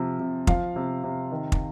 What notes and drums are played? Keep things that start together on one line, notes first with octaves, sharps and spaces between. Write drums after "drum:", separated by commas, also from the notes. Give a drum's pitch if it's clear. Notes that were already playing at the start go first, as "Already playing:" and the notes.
Already playing: C3 F3
C3
F3 F5, drum: kick
C3
C3
D#3
drum: kick